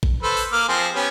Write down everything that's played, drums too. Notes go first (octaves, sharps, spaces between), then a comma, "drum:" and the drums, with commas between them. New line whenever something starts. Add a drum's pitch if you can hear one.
drum: kick A1
A4 B4 C5
drum: open hi-hat
A#3 D6 F6
F3 C4 G#4
B3 C#4 G4